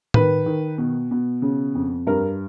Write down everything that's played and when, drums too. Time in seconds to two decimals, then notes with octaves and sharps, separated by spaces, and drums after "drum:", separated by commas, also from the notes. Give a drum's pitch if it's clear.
0.14 D#3 B4, drum: tom A2
0.46 D#3
0.78 B2
1.11 B2
1.42 C#3
1.75 F2
2.07 G2 A#4